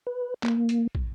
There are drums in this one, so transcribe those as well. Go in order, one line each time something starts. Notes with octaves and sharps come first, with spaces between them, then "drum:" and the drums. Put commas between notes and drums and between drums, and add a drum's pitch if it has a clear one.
B4
A#3, drum: clap
drum: hi-hat
drum: kick